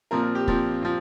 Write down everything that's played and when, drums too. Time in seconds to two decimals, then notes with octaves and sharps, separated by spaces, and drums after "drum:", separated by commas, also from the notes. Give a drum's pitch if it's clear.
0.11 A#2 F3 C4 A#4
0.23 A#4
0.35 G4
0.47 A#2 F3 C4, drum: kick
0.83 F3 C4